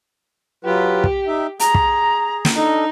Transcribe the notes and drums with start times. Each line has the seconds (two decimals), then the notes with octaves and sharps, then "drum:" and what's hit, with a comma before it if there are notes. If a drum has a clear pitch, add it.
0.65 F#3 F4 G4 B4
1.04 drum: kick
1.27 D#4 E5
1.60 G#4 A#5, drum: hi-hat
1.74 drum: kick
2.45 drum: snare
2.56 D4 D#4 A4 D#5